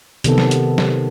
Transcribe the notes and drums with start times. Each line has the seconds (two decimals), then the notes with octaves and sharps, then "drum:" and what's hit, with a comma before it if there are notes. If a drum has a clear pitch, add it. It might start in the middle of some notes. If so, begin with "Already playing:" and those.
0.24 C3 D#3 B3 A4, drum: hi-hat
0.38 drum: snare F#3
0.51 drum: hi-hat
0.78 drum: snare F#3